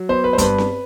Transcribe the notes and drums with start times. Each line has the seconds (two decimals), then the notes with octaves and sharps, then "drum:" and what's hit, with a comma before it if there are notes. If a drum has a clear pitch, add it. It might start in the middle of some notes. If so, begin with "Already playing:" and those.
Already playing: F#3
0.09 B3 C5
0.24 B4
0.33 C5
0.38 G2 B4, drum: kick, hi-hat
0.58 drum: snare C4